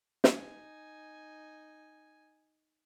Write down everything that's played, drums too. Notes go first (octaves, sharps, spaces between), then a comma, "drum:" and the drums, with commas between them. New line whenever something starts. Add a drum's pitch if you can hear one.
D#4 G#5, drum: snare